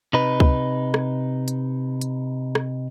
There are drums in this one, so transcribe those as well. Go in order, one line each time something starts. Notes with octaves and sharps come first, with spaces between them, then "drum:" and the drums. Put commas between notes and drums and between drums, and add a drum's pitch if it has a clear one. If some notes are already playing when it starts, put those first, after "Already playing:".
C3 D#4 B4
drum: kick C#2
drum: rim click
drum: hi-hat
drum: hi-hat
drum: rim click